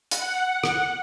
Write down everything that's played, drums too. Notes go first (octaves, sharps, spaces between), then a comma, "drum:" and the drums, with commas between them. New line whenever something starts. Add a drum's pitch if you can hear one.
F#5, drum: hi-hat
drum: rim click